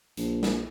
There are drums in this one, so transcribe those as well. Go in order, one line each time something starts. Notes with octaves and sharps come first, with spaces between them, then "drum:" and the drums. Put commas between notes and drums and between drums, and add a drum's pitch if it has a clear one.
A#1, drum: hi-hat
drum: snare